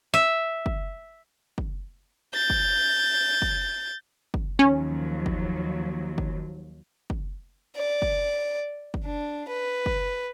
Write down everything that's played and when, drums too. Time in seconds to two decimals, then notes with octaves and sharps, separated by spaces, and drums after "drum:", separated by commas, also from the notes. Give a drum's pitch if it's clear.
0.14 E5
0.66 drum: kick
1.58 drum: kick
2.35 G6 A6
2.50 drum: kick
3.42 drum: kick
4.34 drum: kick
4.59 D#2 F3 F#3 C#4
5.26 drum: kick
6.18 drum: kick
7.10 drum: kick
7.76 D5
8.02 drum: kick
8.94 drum: kick
9.05 D4
9.49 B4
9.86 drum: kick